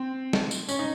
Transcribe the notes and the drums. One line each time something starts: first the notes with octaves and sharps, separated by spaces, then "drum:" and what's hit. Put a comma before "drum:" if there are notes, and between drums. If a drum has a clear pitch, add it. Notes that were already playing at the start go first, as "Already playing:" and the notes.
Already playing: C4
drum: snare
drum: tambourine
C#4, drum: tambourine
D#4